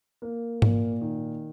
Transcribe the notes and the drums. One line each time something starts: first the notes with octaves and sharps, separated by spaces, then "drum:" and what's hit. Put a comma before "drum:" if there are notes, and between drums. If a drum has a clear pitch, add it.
A#3
A#2, drum: tom G#2
D#3